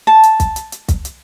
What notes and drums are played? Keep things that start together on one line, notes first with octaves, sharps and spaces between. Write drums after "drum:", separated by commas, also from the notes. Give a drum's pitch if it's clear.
A5
drum: hi-hat
drum: kick, hi-hat
drum: hi-hat
drum: hi-hat
drum: kick, hi-hat
drum: hi-hat